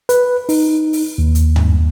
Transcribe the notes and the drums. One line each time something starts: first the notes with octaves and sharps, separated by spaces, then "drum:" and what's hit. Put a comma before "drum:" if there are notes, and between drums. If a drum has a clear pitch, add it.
B4, drum: hi-hat
D#4, drum: open hi-hat
drum: open hi-hat
D#2
drum: hi-hat
drum: tom